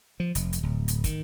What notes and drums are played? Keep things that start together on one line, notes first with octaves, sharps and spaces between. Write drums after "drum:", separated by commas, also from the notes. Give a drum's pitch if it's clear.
F3
F1, drum: hi-hat
drum: hi-hat
D1
drum: hi-hat
D#3, drum: kick, hi-hat